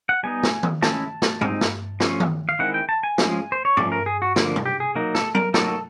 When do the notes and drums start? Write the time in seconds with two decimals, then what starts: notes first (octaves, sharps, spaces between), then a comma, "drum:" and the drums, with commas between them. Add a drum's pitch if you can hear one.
0.09 F#5
0.23 G3 B3 D#4 G#5
0.43 drum: snare
0.63 drum: tom D#3
0.82 G#3 C#4 E4 A5, drum: snare
1.22 drum: snare
1.41 G#3 C4 D#4, drum: tom G2
1.61 drum: snare
2.00 F3 A3 C#4 F4, drum: snare
2.20 drum: tom D#3
2.49 F5
2.59 D#3 G#3 C4 E4 F#5
2.74 G5
2.89 A5
3.03 G#5
3.18 F3 G#3 C#4 F4, drum: snare
3.52 C5
3.65 C#5
3.77 F3 A3 C#4 D5, drum: tom G2
3.92 A#4
4.06 G#4
4.22 F#4
4.36 D3 F3 A#3 D4 F4, drum: snare
4.56 drum: tom B2
4.66 G4
4.80 G#4
4.95 F#3 A#3 D#4
5.15 A4, drum: snare
5.35 A#4, drum: tom F#3
5.54 F#3 A#3 D#4 A4, drum: snare
5.68 A4